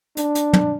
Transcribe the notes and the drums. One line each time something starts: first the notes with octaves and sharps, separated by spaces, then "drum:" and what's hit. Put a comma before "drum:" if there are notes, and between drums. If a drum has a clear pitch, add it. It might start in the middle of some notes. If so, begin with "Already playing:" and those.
D4, drum: hi-hat
drum: hi-hat
drum: tom